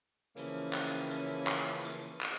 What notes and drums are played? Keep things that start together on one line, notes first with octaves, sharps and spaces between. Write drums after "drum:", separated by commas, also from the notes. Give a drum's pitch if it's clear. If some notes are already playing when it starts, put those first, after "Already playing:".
C#3 E3 F3 A#3 C#4, drum: hi-hat
drum: clap
drum: hi-hat
drum: clap
drum: hi-hat
drum: clap